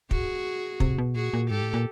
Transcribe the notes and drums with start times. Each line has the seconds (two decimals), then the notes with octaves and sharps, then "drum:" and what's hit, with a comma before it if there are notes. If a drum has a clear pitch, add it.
0.11 F#4 G#4, drum: kick
0.80 C3, drum: kick
0.98 B2
1.15 A#2 F#4 G#4
1.34 A#2
1.50 G#2 G4 A4
1.62 A2
1.74 A#2